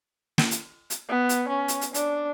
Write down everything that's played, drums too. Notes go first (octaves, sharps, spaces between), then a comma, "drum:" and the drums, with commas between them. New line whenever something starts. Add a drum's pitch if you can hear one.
drum: snare
drum: hi-hat
drum: hi-hat
B3
drum: hi-hat
C#4
drum: hi-hat
drum: hi-hat
D4, drum: hi-hat